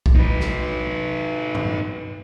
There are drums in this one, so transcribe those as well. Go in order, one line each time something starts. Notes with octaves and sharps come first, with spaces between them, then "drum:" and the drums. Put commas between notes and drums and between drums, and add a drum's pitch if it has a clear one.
drum: kick B1
D#4 B4
drum: snare
drum: tom G2